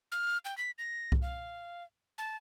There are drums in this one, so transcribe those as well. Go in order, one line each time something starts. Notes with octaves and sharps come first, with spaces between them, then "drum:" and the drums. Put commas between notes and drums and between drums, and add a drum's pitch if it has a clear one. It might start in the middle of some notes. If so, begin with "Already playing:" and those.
F6
G5
B6
A#6
drum: kick C2
F5
A5